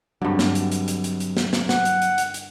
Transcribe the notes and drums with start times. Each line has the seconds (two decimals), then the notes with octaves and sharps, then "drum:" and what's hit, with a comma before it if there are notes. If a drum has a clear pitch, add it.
0.21 G2 D3 F#3 C4
0.39 drum: snare
0.55 drum: hi-hat
0.72 drum: hi-hat
0.88 drum: hi-hat
1.04 drum: hi-hat
1.20 drum: hi-hat
1.37 drum: snare
1.53 drum: snare
1.69 F#5, drum: snare
1.85 drum: hi-hat
2.02 drum: hi-hat
2.18 drum: hi-hat
2.34 drum: hi-hat